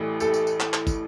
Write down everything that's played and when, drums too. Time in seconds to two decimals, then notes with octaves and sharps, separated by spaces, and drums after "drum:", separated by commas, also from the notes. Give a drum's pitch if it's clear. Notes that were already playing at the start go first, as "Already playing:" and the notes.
Already playing: A1 A2 E3 G3
0.20 G4 A4, drum: tambourine
0.34 drum: tambourine
0.47 drum: tambourine
0.60 drum: clap
0.73 drum: clap
0.87 drum: kick, tambourine